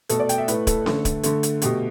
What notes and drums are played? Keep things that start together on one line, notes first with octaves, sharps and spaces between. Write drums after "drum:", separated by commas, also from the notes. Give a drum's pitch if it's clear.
B2 A3 A4, drum: hi-hat
D5
G5, drum: hi-hat
E5
A2 A3 B4, drum: hi-hat
A4, drum: kick D1, hi-hat
D3 A3, drum: snare C#4
drum: kick D1, hi-hat
D3 A3, drum: hi-hat
drum: hi-hat
B2 A3 G4, drum: hi-hat